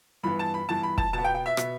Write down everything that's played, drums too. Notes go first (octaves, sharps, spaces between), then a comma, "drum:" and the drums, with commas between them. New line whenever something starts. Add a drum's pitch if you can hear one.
G2 E3 B3 B5
A5
B5
G2 E3 B3 A5
B5
A5, drum: kick
B2 B3 A5
G5
G5
E5
B2 B3, drum: rim click